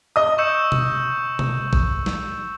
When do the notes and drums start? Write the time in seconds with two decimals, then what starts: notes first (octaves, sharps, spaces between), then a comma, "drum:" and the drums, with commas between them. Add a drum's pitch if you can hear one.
0.16 D#5 D#6
0.38 C#6 E6 G6 C#7 E7
0.72 drum: tom B2
1.39 drum: tom B2
1.73 drum: kick A#1
2.06 drum: snare